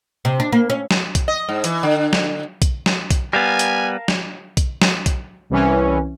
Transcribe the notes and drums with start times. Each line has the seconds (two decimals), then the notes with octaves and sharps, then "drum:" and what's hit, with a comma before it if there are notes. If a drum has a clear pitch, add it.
0.25 C3
0.40 D4
0.52 A#3
0.70 C#4
0.91 drum: snare
1.15 drum: kick B1, hi-hat
1.28 D#5
1.49 G#2
1.64 E3, drum: hi-hat
1.83 D3
2.13 drum: snare
2.62 drum: kick B1, hi-hat
2.86 drum: snare
3.10 drum: kick B1, hi-hat
3.33 G3 B3 A#4 F5 G#5 A5
3.59 drum: hi-hat
4.08 drum: snare
4.57 drum: kick B1, hi-hat
4.82 drum: snare
5.06 drum: kick B1, hi-hat
5.50 C2 E3 C#4